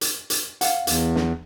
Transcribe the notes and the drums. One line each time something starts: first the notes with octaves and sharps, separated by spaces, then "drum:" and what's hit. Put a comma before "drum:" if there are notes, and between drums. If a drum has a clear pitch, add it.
drum: hi-hat
drum: hi-hat
F5 F#5, drum: hi-hat
E2, drum: hi-hat
drum: snare